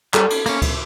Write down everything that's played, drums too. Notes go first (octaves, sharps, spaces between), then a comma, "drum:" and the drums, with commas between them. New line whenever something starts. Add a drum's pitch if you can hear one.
G3 A4, drum: clap
drum: cymbal
A#3 C#4, drum: cymbal
drum: kick C#2, cymbal